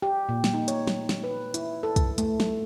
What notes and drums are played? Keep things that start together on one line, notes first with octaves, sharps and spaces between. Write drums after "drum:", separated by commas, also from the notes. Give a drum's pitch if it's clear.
G4
A#2
drum: snare
D#4
C#5, drum: hi-hat
drum: snare
drum: snare
B4
E4, drum: hi-hat
A4
drum: kick, hi-hat
A3, drum: hi-hat
drum: snare